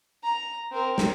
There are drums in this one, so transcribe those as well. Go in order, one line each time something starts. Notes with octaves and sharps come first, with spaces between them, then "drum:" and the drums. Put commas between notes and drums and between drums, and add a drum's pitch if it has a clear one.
A#5
C4 A#4
drum: snare